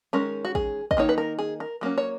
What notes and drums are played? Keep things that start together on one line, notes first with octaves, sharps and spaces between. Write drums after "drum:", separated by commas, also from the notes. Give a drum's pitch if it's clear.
D#3 G#3 C#4 A#4
F#4
G#4, drum: kick
D#5, drum: kick
D#3 A#3 D#4 C#5
B4
A#4
G#4
A#4
F#3 A#3 C#4
C#5